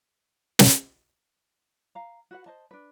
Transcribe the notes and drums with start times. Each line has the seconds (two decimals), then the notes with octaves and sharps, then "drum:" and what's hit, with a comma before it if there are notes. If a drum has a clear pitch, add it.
0.59 drum: snare
1.95 F5 A#5
2.31 F#4 B4 F#5
2.46 C5 D#5 A5
2.71 D4 B4